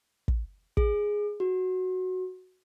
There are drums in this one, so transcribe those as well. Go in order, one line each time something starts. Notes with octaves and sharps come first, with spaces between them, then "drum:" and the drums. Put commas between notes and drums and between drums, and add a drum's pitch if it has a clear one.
drum: kick
G#4, drum: kick
F#4